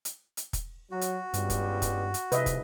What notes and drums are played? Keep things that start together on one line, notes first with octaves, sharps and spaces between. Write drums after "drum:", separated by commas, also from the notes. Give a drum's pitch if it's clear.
drum: hi-hat
drum: hi-hat
drum: kick, hi-hat
F#3 F#4
drum: hi-hat
C#2 G2 G3 B3, drum: hi-hat
drum: kick, hi-hat
drum: kick, hi-hat
drum: hi-hat
C2 F2 G#2 C3 B4 D#5 E5, drum: hi-hat
drum: kick, hi-hat